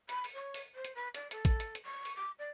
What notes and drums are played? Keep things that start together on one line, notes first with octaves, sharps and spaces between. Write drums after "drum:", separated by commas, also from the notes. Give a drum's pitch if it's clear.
B5, drum: hi-hat
drum: open hi-hat
C#5
drum: open hi-hat
C5
drum: hi-hat
B4
D5, drum: hi-hat
A4, drum: hi-hat
drum: kick, hi-hat
drum: hi-hat
drum: hi-hat
C#6
drum: open hi-hat
D6
D5